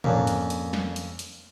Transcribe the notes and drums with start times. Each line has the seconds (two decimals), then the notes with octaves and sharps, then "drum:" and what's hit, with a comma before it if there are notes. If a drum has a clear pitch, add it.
0.04 F2 A#3 C#4 D4, drum: tom
0.27 drum: hi-hat
0.50 drum: hi-hat
0.73 drum: snare
0.96 drum: hi-hat
1.19 drum: hi-hat